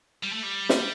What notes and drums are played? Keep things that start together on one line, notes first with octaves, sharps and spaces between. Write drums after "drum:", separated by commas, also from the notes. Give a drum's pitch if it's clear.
G3
A3
G3
drum: snare